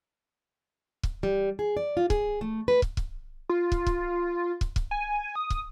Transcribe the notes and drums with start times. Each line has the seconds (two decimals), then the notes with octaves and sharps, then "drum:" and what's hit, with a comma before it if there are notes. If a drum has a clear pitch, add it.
1.03 drum: kick
1.23 G3
1.59 G#4
1.77 D5
1.97 F4
2.10 G#4, drum: kick
2.41 A3
2.68 B4
2.82 drum: kick
2.97 drum: kick
3.49 F4
3.72 drum: kick
3.87 drum: kick
4.61 drum: kick
4.76 drum: kick
4.91 G#5
5.35 D#6
5.50 drum: kick